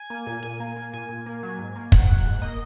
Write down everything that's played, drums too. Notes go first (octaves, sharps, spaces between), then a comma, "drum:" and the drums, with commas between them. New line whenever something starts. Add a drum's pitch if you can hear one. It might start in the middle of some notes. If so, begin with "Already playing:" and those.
Already playing: G#5
A#3
A#2
A#2 G#5
A#3
A#3
A#2 G#5
A#2
A#3
F#3
G#2
A#3
G#2 F#5, drum: kick
F#3
G#2
A#3 D#5